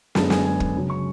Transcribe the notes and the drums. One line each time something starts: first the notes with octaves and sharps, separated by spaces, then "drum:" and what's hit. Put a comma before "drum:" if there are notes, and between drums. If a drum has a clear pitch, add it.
F#2 D3 G#3 B3 D4 A5, drum: snare
G#5, drum: snare
G#5
drum: kick
C#3 F#3 C#4
C#6